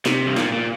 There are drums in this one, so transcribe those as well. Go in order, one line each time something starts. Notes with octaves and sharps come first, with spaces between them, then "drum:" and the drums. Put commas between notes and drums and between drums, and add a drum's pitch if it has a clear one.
C3, drum: snare
G2
A#2, drum: snare
A#2